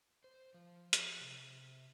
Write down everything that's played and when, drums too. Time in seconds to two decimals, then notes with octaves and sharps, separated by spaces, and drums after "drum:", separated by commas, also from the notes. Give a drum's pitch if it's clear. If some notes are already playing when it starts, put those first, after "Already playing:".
0.24 C5
0.54 F3
0.93 drum: hi-hat
1.21 C3